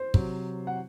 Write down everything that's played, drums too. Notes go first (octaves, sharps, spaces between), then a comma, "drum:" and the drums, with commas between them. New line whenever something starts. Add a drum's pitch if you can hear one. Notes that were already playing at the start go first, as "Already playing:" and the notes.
Already playing: C5
C3 F#3, drum: kick
F#5